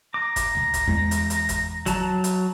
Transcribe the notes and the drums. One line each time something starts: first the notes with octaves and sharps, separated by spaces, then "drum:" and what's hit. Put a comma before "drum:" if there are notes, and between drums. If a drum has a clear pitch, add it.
A#5 D6
drum: kick, hi-hat
drum: tom C#2
drum: kick, hi-hat
E2 G#3
drum: hi-hat
drum: hi-hat
drum: kick, hi-hat
F#3 A5 A#5, drum: kick, hi-hat
drum: hi-hat